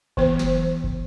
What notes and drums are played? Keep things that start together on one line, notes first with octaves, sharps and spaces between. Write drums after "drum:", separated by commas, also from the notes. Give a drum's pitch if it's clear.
E3 B3 C5, drum: kick F#1
drum: snare
drum: kick F#1